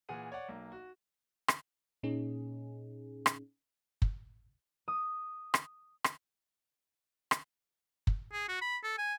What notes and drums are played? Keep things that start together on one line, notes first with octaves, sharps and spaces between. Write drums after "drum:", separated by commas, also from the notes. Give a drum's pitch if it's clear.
A#2 E3 G#4 F#5 D#7
C#5 D5 F#5
B1 A#3
F#4
drum: rim click
A#2 C#4 D#4 G#4
drum: rim click
drum: kick
D#6
drum: rim click
drum: rim click
drum: rim click
drum: kick
G#4
F#4
B5
A4
G#5